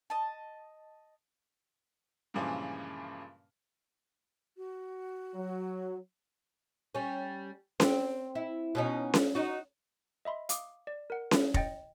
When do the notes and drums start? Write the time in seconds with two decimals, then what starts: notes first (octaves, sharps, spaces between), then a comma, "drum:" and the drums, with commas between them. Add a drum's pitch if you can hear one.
0.10 D#5 A5
2.34 G2 A#2 C#3 E3 F3 G#3
4.57 F#4
5.34 F#3
6.95 G3 C#4
7.80 C4, drum: snare C#4
8.35 E4
8.75 B2 C#4 D#4
9.14 drum: snare C#4
9.35 D#4 F#4
10.25 D#5 E5 B5 C6
10.49 F5 D6 D#6, drum: hi-hat
10.87 D5
11.10 A#4 F#5
11.31 E4, drum: snare C#4
11.54 D#5 G5 A6 A#6 C#7, drum: kick F1